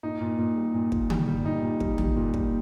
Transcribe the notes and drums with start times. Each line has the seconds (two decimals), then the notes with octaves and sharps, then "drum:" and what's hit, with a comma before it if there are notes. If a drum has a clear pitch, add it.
0.03 A#2 D#4
0.21 A#2
0.38 A#2
0.56 G3
0.74 A#2
0.92 A#2, drum: kick
1.10 G3, drum: tom D3
1.27 G3
1.45 A#2 D#4
1.62 A#2
1.80 G3, drum: kick
1.98 G3, drum: tom
2.16 A#2
2.34 G3, drum: kick